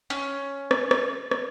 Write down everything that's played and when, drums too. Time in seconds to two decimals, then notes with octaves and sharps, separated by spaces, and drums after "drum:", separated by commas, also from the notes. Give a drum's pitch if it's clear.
0.10 C#4
0.71 drum: rim click
0.91 drum: rim click
1.31 drum: rim click